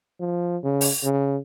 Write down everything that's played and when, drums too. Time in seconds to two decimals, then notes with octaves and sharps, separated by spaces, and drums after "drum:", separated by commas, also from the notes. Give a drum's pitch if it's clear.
0.20 F3
0.63 C#3
0.81 drum: open hi-hat
1.03 C#3